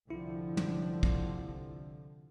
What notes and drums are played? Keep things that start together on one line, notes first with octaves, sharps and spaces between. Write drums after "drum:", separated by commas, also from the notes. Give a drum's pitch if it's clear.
C2 D3 F3 E4
drum: tom
drum: kick